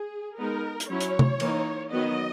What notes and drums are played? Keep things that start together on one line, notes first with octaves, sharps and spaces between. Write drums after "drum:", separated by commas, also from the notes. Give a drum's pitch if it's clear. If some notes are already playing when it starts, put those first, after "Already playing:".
Already playing: G#4
G#3 B3 D#4 A#4
drum: hi-hat
F#3 C#4 E4 C#5
drum: hi-hat
drum: tom C3
E3 A#3 D#4, drum: cymbal
D#3 F#3 B3 D#5